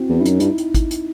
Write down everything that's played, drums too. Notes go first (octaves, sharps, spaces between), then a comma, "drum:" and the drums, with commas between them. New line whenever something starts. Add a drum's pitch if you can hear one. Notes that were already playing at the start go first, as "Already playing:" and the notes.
Already playing: C4 E4 F#4
E2
G2 E4
F#2 D#4, drum: hi-hat
G2 E4, drum: hi-hat
drum: hi-hat
drum: kick, hi-hat
drum: hi-hat